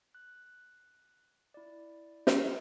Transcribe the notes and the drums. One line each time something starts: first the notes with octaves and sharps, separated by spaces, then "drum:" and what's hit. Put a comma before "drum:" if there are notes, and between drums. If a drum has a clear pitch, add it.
F#6
E4 D5
drum: snare